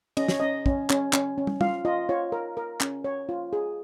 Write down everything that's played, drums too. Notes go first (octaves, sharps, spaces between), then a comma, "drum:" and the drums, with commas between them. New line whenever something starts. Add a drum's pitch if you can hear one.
C#4 D#5, drum: cymbal
C#5, drum: snare
C#4 D#5
C#4, drum: kick
C#4, drum: clap
C#4, drum: clap
C#4
drum: tom
F4 F5, drum: tom
F4 D#5
F4 C#5
A#4
A#4
C#4, drum: clap
C#5
F4
G#4